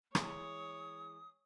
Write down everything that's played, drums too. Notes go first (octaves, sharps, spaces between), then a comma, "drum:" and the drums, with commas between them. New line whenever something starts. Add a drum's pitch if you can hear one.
E3 G#3 C#5 D#6, drum: rim click